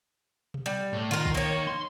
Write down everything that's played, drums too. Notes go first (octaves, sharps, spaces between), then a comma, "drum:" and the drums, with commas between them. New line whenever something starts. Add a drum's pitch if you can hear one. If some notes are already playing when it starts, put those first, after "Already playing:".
drum: tom B2
G3
A2
D#3 F4 A#4
drum: kick
A#3 C#5
C6